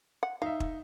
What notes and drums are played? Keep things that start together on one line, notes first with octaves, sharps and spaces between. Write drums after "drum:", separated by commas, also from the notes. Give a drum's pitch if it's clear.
F#5
D#4 E5 F5
drum: kick